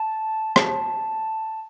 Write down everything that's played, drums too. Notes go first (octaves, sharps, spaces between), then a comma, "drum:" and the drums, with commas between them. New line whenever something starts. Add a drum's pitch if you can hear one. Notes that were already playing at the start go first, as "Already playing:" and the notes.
Already playing: A5
A5, drum: rim click